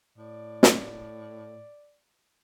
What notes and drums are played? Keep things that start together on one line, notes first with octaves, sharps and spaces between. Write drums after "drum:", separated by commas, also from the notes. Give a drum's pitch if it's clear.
A2 D5
drum: snare